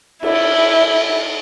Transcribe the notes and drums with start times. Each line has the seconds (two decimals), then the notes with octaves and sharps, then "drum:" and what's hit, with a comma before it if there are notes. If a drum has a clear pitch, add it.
0.23 E4, drum: cymbal